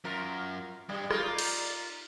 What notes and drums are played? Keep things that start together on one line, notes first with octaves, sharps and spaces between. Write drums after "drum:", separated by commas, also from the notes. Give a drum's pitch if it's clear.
F#2 F4 A#4
G2 G3 G#3
D#4 F4 A#4 D5, drum: rim click
drum: cymbal